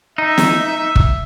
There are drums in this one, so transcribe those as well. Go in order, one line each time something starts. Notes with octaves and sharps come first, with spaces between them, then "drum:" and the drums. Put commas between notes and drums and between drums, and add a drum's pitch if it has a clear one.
D#4 E5
drum: snare
drum: kick